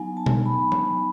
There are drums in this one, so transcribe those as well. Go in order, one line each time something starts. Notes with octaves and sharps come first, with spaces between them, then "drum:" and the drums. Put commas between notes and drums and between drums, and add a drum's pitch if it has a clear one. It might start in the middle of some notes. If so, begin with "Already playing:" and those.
Already playing: F#3 B3 D#4 G#5
A5
drum: tom B2
B5
drum: tom F3